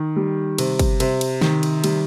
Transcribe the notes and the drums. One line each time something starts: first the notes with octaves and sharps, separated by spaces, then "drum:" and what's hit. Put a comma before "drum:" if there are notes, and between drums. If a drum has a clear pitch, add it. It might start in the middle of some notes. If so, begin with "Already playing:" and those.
Already playing: D#3
G3
C3, drum: cymbal
drum: kick, cymbal
C3, drum: cymbal
drum: cymbal
D#3, drum: snare
drum: cymbal
G3, drum: cymbal